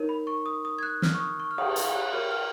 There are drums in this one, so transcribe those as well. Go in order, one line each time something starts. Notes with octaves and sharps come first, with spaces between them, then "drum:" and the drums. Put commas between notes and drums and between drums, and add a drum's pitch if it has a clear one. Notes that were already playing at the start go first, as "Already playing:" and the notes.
Already playing: D#4 A#4 C#5
B5
C#6
D#6
D#6
G#6
F#6
F6, drum: snare
C#6
D#6
C#6
F6
D#6, drum: cymbal
drum: hi-hat
F#6
F#4 A#4 C#5 F6
F6